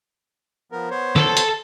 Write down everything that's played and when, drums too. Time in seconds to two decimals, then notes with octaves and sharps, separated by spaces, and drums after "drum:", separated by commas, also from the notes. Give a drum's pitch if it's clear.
0.72 F3 B3 A#4
0.91 B3 C5 C#5
1.16 A4, drum: snare
1.37 drum: hi-hat